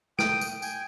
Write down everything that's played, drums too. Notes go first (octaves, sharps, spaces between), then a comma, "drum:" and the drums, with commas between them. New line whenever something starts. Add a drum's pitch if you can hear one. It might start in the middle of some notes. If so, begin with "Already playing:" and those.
G5 D#6 D7, drum: snare
drum: tambourine
G5 G#5, drum: tambourine